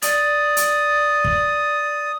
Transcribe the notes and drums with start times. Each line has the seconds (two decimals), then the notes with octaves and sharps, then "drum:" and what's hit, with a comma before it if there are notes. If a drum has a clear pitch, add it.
0.02 D5 D#6, drum: hi-hat
0.57 drum: hi-hat
1.24 drum: kick